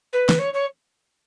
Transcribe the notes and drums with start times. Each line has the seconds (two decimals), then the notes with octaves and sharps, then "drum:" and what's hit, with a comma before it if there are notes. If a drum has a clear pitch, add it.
0.12 B4
0.29 drum: snare
0.38 C#5
0.53 C#5